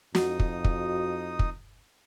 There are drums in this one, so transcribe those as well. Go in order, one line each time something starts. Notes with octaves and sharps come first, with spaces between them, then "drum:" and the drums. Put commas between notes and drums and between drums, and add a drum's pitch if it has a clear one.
F2 D#4 F#4 D#6, drum: snare
drum: kick
drum: kick
drum: kick